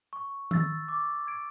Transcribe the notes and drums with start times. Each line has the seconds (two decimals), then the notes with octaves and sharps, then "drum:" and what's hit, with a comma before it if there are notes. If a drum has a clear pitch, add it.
0.13 C#6
0.51 E6 A6, drum: tom D#3
0.89 D6
1.27 G#6 D7